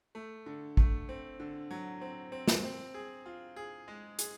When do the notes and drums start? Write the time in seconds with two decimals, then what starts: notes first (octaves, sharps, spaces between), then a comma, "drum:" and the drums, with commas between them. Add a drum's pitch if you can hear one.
0.15 A3
0.46 D3
0.77 A3, drum: kick
1.09 C4
1.40 D3
1.71 F#3
2.01 C4
2.32 C4
2.48 drum: snare
2.64 C4
2.94 G#4
3.26 F4
3.56 G#4
3.88 G#3
4.19 G#4, drum: hi-hat